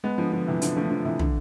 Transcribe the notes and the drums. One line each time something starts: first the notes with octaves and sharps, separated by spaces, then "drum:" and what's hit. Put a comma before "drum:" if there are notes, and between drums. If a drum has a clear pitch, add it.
G#3 B3
D3 F3
D3 F3
C3 E3
D3 F3, drum: hi-hat
F3 A3
D3 F3
C3 E3
D3, drum: tom